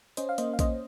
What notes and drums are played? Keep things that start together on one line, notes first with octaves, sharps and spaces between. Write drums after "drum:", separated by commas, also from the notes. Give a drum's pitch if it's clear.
C#4 C5 D#5, drum: hi-hat
F5
A#3 C5 D#5, drum: hi-hat
F5
C#4 C5 D#5, drum: kick A#1, hi-hat